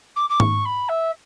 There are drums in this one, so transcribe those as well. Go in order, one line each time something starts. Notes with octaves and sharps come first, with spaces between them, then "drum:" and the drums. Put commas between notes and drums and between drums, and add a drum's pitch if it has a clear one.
D6
D6
C#6, drum: tom G#2
B5
E5